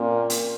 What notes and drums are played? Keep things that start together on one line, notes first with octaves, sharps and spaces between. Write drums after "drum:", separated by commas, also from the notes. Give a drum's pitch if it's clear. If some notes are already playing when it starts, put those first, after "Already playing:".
Already playing: A#2 A#3 C4 C#4
drum: hi-hat